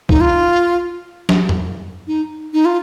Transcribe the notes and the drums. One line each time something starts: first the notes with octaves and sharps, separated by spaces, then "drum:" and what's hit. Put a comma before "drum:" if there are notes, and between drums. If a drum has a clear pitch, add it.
D#4, drum: kick
F4
drum: snare
drum: tom E2
D#4
D#4
F4